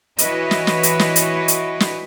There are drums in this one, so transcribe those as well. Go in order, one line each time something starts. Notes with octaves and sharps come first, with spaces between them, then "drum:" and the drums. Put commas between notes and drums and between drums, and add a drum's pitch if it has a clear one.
E3 E4 F#4 B4 C#5 D#5, drum: hi-hat
drum: snare
drum: snare
drum: hi-hat
drum: snare
drum: hi-hat
drum: hi-hat
drum: snare